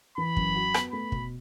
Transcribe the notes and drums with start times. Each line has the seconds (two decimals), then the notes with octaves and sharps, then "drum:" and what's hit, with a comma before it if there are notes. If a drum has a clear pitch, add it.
0.18 E3 B5
0.36 F#2, drum: kick
0.55 F#4
0.74 B3, drum: rim click
0.92 A3 B5
1.12 B2, drum: kick